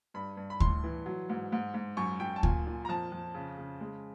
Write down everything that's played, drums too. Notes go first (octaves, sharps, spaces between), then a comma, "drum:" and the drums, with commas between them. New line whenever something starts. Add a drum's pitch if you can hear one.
G2 B5
G2
B5
A2 C6, drum: kick D2
E3
F#3
G#2
G#2
G#2
F#2 C#6
F#2 G5
A5
A#2 G#5, drum: kick D2
A#2
A#5
F2 A5
F2
C#3
C#3
G#3